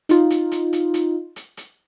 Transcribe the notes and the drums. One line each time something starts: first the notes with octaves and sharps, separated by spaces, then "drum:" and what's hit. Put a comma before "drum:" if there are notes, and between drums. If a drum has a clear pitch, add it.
D#4 F4, drum: hi-hat
drum: hi-hat
drum: hi-hat
drum: hi-hat
drum: hi-hat
drum: hi-hat
drum: hi-hat